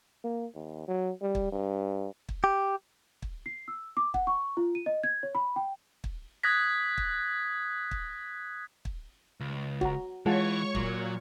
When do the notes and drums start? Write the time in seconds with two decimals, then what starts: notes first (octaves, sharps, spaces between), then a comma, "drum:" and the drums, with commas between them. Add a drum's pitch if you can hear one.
0.24 A#3
0.55 D#2
0.88 F#3
1.22 G3
1.35 drum: kick
1.52 G2
2.29 drum: kick
2.44 G4
3.22 drum: kick
3.46 C7
3.68 E6
3.97 D6
4.14 F#5, drum: kick
4.27 C#6
4.57 F4
4.75 D#7
4.86 D#5
5.03 G#6
5.23 C#5
5.35 B5
5.56 G5
6.04 drum: kick
6.43 D#6 F#6 G#6 A#6 B6
6.98 drum: kick
7.91 drum: kick
8.85 drum: kick
9.40 C#2
9.81 F#4 A#5, drum: kick
10.26 E3 G#3 F4 C#5 F#5 A5 C#6
10.75 A#2 F#3, drum: kick